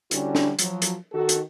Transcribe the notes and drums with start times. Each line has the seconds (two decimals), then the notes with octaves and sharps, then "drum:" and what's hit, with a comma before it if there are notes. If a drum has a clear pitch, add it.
0.11 D3 G3 C#4 D4 E4 F#4, drum: hi-hat
0.35 drum: snare D4
0.59 F3 F#3, drum: hi-hat
0.82 drum: hi-hat
1.12 D#3 F#4 A4
1.29 drum: hi-hat